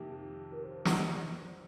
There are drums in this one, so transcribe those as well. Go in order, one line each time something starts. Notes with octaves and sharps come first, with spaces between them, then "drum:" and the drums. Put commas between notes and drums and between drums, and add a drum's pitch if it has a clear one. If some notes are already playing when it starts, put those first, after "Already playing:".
Already playing: F2 C3 D#3 A#3 G4
A#4
C5
drum: snare
D5